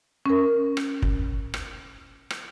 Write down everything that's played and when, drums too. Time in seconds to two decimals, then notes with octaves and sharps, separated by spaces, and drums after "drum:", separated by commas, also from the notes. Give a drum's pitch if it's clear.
0.26 C#4 A#4
0.77 drum: rim click
1.02 drum: kick
1.54 drum: rim click
2.30 drum: rim click